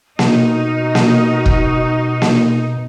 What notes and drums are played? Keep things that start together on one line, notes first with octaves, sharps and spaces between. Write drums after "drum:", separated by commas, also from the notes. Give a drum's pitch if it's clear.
B2 D#4 F#4 A#4 D#5, drum: snare A#3
drum: snare A#3
drum: kick E1
drum: snare A#3